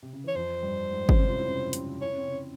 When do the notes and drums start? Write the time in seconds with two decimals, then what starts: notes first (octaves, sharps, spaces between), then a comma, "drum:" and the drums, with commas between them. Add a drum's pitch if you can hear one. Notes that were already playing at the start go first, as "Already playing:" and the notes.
0.03 C3
0.13 C#3
0.24 E3 C#5
0.35 F2 F3 C5
0.63 G2 G3
0.91 G#2 G#3
1.09 C#4, drum: kick G1
1.19 C3 C4
1.27 F4
1.36 E4
1.45 C#3 C#4
1.73 C3 C4, drum: hi-hat
2.00 E4 C#5
2.10 C#4
2.18 C4
2.27 C#3 C#4